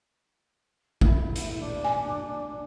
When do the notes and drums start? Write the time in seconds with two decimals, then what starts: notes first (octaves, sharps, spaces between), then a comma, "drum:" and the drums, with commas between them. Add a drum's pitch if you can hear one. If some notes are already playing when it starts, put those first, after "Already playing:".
1.01 E4, drum: kick
1.36 drum: hi-hat
1.60 D4
1.84 G#5